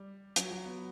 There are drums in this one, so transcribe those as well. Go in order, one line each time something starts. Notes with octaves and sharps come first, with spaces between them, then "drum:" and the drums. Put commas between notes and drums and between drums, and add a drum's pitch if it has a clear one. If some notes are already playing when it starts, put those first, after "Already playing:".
Already playing: G3
F#3, drum: hi-hat
F#3
B3